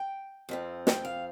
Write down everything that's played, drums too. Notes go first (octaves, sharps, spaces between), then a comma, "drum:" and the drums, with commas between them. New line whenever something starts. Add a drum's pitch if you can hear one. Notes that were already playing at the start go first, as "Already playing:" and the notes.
Already playing: G5
F2 F3 C4
G5, drum: snare
F5